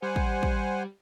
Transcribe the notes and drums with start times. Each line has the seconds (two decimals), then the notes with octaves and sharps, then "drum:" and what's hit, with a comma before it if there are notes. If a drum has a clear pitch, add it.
0.02 G3 C5 F#5 G#5
0.16 drum: kick
0.43 drum: kick